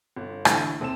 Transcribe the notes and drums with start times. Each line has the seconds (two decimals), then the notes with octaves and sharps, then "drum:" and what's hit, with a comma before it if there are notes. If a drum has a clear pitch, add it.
0.16 G1
0.45 A2 D3 E3, drum: rim click
0.80 D#2 C3 C4 A4 E7